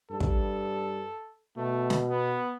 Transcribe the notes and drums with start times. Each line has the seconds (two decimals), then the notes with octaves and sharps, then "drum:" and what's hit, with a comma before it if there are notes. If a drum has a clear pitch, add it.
0.11 G2 A4
0.20 drum: kick
1.57 B2 A3
1.90 drum: snare
2.08 B3